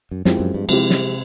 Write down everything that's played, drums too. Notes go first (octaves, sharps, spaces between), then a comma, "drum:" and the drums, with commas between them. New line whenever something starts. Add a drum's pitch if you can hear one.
F#2
F#2 F3 G#3 C4 E4 G4, drum: snare
F#2
G2
C3 F3 G#3 C4 E4 G4, drum: cymbal
drum: snare